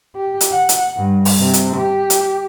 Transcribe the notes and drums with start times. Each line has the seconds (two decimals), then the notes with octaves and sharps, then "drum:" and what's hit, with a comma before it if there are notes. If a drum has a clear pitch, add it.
0.16 G4
0.41 drum: hi-hat
0.52 F#5
0.69 drum: hi-hat
0.97 G2
1.25 drum: open hi-hat
1.40 C3
1.53 drum: hi-hat
1.77 G4
2.10 drum: hi-hat